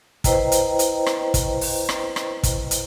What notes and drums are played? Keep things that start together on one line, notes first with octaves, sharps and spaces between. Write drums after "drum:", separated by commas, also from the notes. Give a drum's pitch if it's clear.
E4 B4 C5 D#5 G5 A#5, drum: kick, hi-hat
drum: hi-hat
drum: hi-hat
drum: rim click
drum: kick, hi-hat
drum: open hi-hat
drum: rim click
drum: rim click
drum: kick, hi-hat
drum: hi-hat